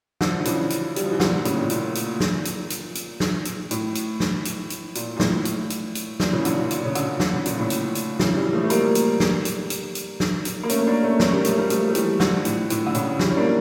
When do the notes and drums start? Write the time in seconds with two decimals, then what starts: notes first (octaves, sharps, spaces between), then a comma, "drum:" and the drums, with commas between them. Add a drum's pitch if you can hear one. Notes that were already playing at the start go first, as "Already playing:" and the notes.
0.21 D3 F3, drum: snare
0.40 D3
0.45 C#3 E3, drum: hi-hat
0.70 drum: hi-hat
0.96 G3, drum: hi-hat
1.04 F3
1.12 E3
1.20 A#2 D3, drum: snare
1.45 A2 C#3, drum: hi-hat
1.59 A2
1.70 A#2, drum: hi-hat
1.95 drum: hi-hat
2.20 drum: snare
2.45 drum: hi-hat
2.70 drum: hi-hat
2.95 drum: hi-hat
3.20 drum: snare
3.45 drum: hi-hat
3.71 A2, drum: hi-hat
3.95 drum: hi-hat
4.20 drum: snare
4.45 drum: hi-hat
4.70 drum: hi-hat
4.95 A#2, drum: hi-hat
5.16 A#2
5.20 A2, drum: snare
5.45 drum: hi-hat
5.70 drum: hi-hat
5.95 drum: hi-hat
6.20 A#2, drum: snare
6.32 C#3 E3
6.45 A#2 D3, drum: hi-hat
6.58 A#2
6.70 A#2, drum: hi-hat
6.85 C#3
6.95 A#2 D3, drum: hi-hat
7.20 D3, drum: snare
7.33 C#3
7.45 A#2, drum: hi-hat
7.59 A2 C#3
7.70 drum: hi-hat
7.95 drum: hi-hat
8.19 C#3 E3, drum: snare
8.36 E3 G3
8.53 F3 A3
8.63 A3
8.70 G3 A#3, drum: hi-hat
8.95 drum: hi-hat
9.20 drum: snare
9.45 drum: hi-hat
9.70 drum: hi-hat
9.95 drum: hi-hat
10.20 drum: snare
10.45 drum: hi-hat
10.63 A#3
10.69 A3 C#4, drum: hi-hat
10.87 A#3 D4
11.03 A3 C#4
11.20 A3 C#4, drum: snare
11.32 G3 A#3
11.45 F3 A3, drum: hi-hat
11.57 G3 A#3
11.70 F3 A3, drum: hi-hat
11.89 A3
11.95 E3 G3, drum: hi-hat
12.20 D3 F3, drum: snare
12.45 A2, drum: hi-hat
12.70 A2, drum: hi-hat
12.86 D3
12.94 A2 C#3, drum: hi-hat
13.19 E3 G3, drum: snare
13.31 C#4
13.36 A#3 D4